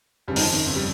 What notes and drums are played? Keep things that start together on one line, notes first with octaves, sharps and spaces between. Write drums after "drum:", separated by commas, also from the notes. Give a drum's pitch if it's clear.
G1 F2 C#3 G3
D#3, drum: open hi-hat
F3
D#3
G1 F2 C#3
G3